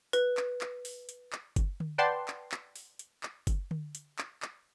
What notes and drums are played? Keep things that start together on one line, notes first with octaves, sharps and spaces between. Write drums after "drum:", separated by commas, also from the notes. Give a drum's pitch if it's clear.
B4, drum: hi-hat
drum: clap
drum: clap
drum: open hi-hat
drum: hi-hat
drum: clap
drum: kick F#1, hi-hat
drum: tom D3
B4 D5 F#5 G5 A5 C6
drum: clap
drum: clap
drum: open hi-hat
drum: hi-hat
drum: clap
drum: kick F#1, hi-hat
drum: tom D3
drum: hi-hat
drum: clap
drum: clap